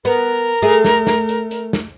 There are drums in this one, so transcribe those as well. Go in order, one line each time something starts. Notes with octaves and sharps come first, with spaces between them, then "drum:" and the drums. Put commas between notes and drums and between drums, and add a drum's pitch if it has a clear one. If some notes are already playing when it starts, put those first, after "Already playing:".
B3 A#4
A3 G#4
drum: snare
drum: snare
drum: hi-hat
drum: hi-hat
drum: snare